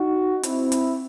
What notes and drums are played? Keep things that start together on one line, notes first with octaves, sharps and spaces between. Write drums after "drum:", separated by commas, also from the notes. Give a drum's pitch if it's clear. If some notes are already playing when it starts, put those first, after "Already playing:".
Already playing: D#4 F#4
C4 E4, drum: hi-hat
drum: hi-hat